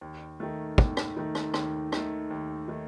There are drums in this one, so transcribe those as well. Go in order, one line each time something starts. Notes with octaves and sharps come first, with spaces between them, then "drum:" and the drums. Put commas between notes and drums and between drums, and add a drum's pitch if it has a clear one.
D#2
D#3 A3
D#2, drum: kick
drum: rim click
D#3 A3
drum: rim click
D#2, drum: rim click
D#3 A3, drum: rim click
D#2
D#3 A3